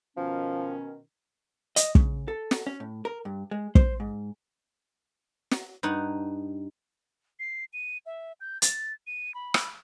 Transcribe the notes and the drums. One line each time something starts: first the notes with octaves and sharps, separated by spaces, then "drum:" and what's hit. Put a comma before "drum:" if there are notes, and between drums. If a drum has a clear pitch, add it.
B2 D#3 F3 C#4
D#5, drum: hi-hat
C#3, drum: kick
A4
drum: snare
C#4
A2
A#4
G2
G#3
C5, drum: kick
G#2
drum: snare
G2 D#4 F#5
C7
D#7
E5
G6
A6, drum: hi-hat
D#7
B5
drum: rim click